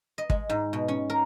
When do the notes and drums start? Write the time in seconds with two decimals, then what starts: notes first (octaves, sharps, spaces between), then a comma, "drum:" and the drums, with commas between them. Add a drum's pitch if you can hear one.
0.18 D#5
0.30 G#3, drum: kick
0.50 G#2
0.73 B2
0.88 C#4
1.10 A#4